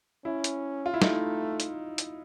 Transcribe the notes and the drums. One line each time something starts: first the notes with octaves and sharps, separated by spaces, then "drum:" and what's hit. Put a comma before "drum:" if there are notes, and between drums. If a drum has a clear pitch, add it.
C#4 E4
drum: hi-hat
F4
E4
A3 D#4, drum: snare
drum: hi-hat
drum: hi-hat